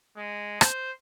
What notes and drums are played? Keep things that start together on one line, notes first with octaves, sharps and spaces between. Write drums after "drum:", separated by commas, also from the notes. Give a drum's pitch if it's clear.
G#3
C5, drum: rim click